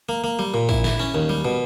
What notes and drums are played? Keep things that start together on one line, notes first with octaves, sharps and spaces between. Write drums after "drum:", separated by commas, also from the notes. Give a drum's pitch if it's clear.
A#3
A#3
G3
A#2
E4, drum: kick
E4, drum: snare
C#4
D#2
G3
B2